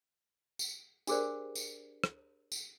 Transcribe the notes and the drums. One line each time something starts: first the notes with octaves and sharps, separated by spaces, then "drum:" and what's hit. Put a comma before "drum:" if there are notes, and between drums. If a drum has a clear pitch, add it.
drum: tambourine
D4 G4 G#4 A#4 C5 D5, drum: tambourine
drum: tambourine
drum: rim click
drum: tambourine